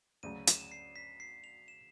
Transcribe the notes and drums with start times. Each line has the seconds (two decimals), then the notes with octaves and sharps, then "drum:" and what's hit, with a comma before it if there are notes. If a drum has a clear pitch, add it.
0.23 D2 C#3 F#3 D#7
0.47 E7, drum: hi-hat
0.60 E7
0.72 C7
0.96 B6
1.20 C7
1.44 F7
1.68 E7